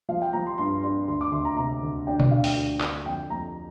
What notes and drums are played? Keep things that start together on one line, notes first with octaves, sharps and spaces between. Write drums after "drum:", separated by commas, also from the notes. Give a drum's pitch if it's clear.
F3 F5
G5
F3 A#5
C6
G2 C6
D4 C6
D2 C6
D6
D2 C6
A#5
C3 A#5
D2
D4 G5
D5, drum: tom B2
D2 F5
G5, drum: open hi-hat
D2
D4, drum: clap
F2 G5
F2 A#5